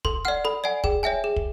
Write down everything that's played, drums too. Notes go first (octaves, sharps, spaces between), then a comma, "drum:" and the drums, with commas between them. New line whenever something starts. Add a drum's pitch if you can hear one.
A4 C6, drum: kick
D5 F#5 F6
A4 B5
D5 F#5 G#5
G#4 G5, drum: kick
C#5 E5 G5 G#5
G#4
drum: kick